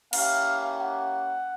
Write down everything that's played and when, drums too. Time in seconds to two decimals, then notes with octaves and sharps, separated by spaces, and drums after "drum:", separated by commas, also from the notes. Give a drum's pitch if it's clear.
0.13 A#3 C#4 E4 G4 F5, drum: cymbal
0.78 F#5